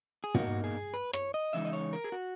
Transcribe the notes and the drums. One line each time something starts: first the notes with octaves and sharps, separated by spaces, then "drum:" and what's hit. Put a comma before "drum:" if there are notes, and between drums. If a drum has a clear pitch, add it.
G#4
B2 A#3 D#4 F#4, drum: tom
G#4
B4
C#5, drum: rim click
D#5
C#3 E3 G#3 D#4 E5
D#5
C#5
A#4
G#4
F#4